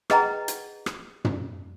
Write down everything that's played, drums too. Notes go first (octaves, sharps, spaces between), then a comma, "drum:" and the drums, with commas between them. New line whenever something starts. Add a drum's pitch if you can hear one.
G#4 B4 D#5 F#5 G5 A#5, drum: rim click
drum: hi-hat
drum: rim click
drum: tom